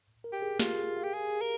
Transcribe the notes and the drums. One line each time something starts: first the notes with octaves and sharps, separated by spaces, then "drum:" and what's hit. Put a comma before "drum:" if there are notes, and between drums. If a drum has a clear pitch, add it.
A#4
G4
G#4
F4 G4, drum: snare
G#4
F5
G4
G#4
A#4